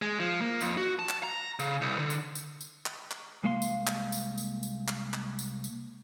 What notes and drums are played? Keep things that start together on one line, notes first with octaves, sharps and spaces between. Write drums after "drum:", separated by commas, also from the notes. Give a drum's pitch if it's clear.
G#3
F3
A#3
F2, drum: tambourine
F#4
A5
drum: clap
A#5
C#3, drum: tambourine
C2
D3
drum: tambourine
drum: tambourine
drum: tambourine
drum: clap
drum: clap
C2 G#3 A#3 F5 G5 C6
drum: tambourine
drum: clap
drum: tambourine
drum: tambourine
drum: tambourine
drum: clap
drum: clap
drum: tambourine
drum: tambourine